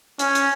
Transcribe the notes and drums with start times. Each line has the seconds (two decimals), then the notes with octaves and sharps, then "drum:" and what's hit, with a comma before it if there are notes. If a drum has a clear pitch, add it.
0.19 C#4, drum: hi-hat
0.35 drum: hi-hat